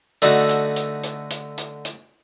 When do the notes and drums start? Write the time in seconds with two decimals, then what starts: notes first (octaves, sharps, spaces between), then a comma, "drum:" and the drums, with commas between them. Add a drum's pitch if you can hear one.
0.22 D3 A3 D#4 F#4, drum: hi-hat
0.49 drum: hi-hat
0.76 drum: hi-hat
1.04 drum: hi-hat
1.31 drum: hi-hat
1.58 drum: hi-hat
1.85 drum: hi-hat